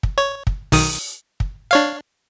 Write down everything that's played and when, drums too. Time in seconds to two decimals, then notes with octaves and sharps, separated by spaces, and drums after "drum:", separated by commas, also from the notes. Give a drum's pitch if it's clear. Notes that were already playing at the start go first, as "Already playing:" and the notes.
0.03 drum: kick
0.18 C#5
0.47 drum: kick
0.72 B1 D#3 D#6, drum: open hi-hat
1.40 drum: kick
1.71 D4 C#5 F5